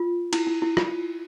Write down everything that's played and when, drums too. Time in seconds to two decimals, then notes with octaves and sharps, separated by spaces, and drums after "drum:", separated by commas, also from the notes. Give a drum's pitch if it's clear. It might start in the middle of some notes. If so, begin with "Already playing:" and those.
Already playing: F4
0.33 E4, drum: cymbal
0.47 E4
0.62 E4
0.77 F4, drum: rim click